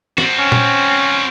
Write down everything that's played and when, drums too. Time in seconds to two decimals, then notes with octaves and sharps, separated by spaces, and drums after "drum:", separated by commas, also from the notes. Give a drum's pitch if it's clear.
0.18 C4 F#4, drum: snare
0.39 C#4
0.52 drum: tom A#2